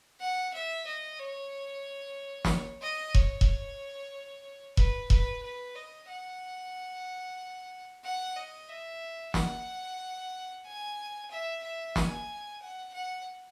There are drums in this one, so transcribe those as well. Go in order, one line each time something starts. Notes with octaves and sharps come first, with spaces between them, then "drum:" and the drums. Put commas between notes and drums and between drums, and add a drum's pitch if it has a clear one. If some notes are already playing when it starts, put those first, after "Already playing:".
F#5
E5
D#5
C#5
drum: snare
D#5
C#5, drum: kick E1
drum: kick E1
B4, drum: kick E1
B4, drum: kick E1
B4
D#5
F#5
F#5
D#5
E5
F#5, drum: snare
G#5
E5
E5
G#5, drum: snare
F#5
F#5